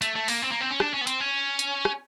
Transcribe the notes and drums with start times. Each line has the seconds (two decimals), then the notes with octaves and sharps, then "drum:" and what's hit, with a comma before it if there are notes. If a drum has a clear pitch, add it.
0.02 A3, drum: hi-hat
0.15 A3
0.28 A#3, drum: open hi-hat
0.42 C4
0.51 A#3
0.61 C4
0.71 C#4
0.80 D4, drum: rim click
0.94 C#4
1.01 B3
1.07 C4, drum: hi-hat
1.20 C#4
1.59 drum: hi-hat
1.85 drum: rim click